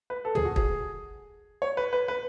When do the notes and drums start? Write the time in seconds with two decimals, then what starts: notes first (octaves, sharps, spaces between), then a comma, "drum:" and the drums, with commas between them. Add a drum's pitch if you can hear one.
0.10 B4
0.25 A4
0.35 G#4, drum: tom
0.45 F#4
0.56 G#4, drum: kick
1.62 C#5
1.77 B4
1.93 B4
2.08 B4